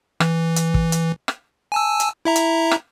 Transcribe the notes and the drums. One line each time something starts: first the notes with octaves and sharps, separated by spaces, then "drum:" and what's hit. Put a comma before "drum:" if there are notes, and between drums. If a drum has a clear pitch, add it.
E3, drum: rim click
drum: hi-hat
drum: kick
drum: hi-hat
drum: rim click
G#5 A5 E6
drum: hi-hat
E4 E5 A#5
drum: hi-hat
drum: rim click